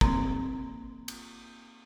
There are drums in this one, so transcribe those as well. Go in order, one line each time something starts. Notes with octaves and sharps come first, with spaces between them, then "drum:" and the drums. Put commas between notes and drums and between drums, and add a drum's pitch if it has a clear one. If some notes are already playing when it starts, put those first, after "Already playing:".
A#3 C4, drum: kick
drum: cymbal